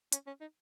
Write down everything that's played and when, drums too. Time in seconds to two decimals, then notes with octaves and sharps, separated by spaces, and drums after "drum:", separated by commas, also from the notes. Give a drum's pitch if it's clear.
0.12 C#4, drum: hi-hat
0.27 C#4
0.41 D#4